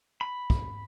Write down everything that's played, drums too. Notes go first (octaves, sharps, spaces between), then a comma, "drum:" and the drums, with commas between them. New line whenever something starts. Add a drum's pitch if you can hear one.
B5
drum: kick